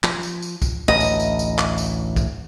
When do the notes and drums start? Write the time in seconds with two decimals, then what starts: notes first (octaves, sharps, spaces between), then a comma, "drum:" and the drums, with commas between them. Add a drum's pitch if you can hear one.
0.04 F3, drum: clap
0.23 drum: tambourine
0.42 drum: tambourine
0.62 drum: kick, tambourine
0.88 A1 D2 D#5
1.00 drum: tambourine
1.20 drum: tambourine
1.39 drum: tambourine
1.58 drum: clap
1.78 drum: tambourine
2.16 drum: kick, tambourine